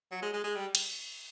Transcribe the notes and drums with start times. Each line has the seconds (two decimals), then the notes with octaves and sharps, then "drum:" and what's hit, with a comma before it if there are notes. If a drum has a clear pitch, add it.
0.11 F#3
0.22 G#3
0.33 G#3
0.44 G#3
0.56 G3
0.75 drum: cymbal